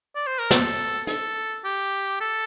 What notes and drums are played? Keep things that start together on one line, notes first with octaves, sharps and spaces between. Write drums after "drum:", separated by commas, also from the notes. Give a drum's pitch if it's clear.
D5
C5
A#4
A4, drum: snare
A4, drum: hi-hat
G4
A4